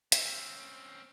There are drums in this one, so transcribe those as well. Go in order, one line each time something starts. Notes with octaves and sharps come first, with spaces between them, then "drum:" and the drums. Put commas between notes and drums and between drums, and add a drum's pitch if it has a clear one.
C4 C#4, drum: hi-hat